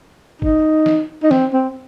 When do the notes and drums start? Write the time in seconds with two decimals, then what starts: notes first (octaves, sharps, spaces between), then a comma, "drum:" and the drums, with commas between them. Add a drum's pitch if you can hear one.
0.42 D#4, drum: kick
0.86 drum: snare
1.23 D#4
1.31 C4, drum: snare
1.53 C4